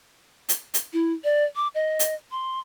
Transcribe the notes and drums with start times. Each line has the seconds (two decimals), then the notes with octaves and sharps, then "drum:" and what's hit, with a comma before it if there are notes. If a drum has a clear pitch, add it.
0.49 drum: hi-hat
0.74 drum: hi-hat
0.93 E4
1.24 D5
1.56 D6
1.75 D#5
1.99 drum: hi-hat
2.31 C6